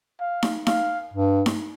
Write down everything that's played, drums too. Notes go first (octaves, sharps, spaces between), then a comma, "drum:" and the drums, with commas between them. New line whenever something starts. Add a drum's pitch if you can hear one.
F5
drum: snare D#4
F5, drum: snare D#4
G2
drum: snare D#4